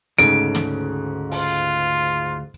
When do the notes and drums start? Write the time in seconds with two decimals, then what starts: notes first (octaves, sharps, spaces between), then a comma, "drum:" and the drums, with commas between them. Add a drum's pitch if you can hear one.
0.19 D2 G#2 C#3 A3 D7
0.55 drum: snare
1.31 F4, drum: open hi-hat